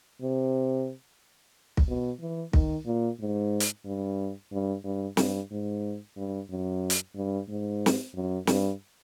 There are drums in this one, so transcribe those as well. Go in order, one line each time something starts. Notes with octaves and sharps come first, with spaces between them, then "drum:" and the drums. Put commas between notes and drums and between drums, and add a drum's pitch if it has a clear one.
C3
drum: kick
B2
E3
D#3, drum: kick
A#2
G#2
drum: hi-hat
G2
G2
G2
G2, drum: snare
G#2
G2
F#2
drum: hi-hat
G2
G#2
drum: snare
F#2
G2, drum: snare